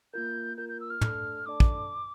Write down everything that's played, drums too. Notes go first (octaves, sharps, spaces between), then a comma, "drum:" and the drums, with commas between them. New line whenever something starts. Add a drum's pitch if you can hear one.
A#3 F4 A#4 G6
A#3 F4 A#4 G6
G6
E6
F6
A3 D4 A4 D5 A5, drum: tom
A3 D4 A4 D5 A5 D6
drum: kick